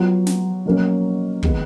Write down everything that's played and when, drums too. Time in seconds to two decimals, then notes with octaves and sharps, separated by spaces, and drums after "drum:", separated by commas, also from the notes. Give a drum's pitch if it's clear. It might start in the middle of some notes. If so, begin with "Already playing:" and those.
Already playing: F#3 B3 F4
0.27 drum: snare
0.66 B2 F#3 A#3 C#4
1.43 D#3 G#3 B3, drum: kick